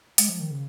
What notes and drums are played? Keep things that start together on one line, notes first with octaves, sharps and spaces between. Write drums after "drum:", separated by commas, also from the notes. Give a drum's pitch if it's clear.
G#3, drum: hi-hat
F3
D#3
C#3